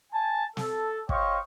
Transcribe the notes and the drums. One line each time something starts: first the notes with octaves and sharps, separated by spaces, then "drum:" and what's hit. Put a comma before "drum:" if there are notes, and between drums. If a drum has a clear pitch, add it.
G#5 A5
A4, drum: snare
G4 C5 C#5 D#5 F5 C#6, drum: kick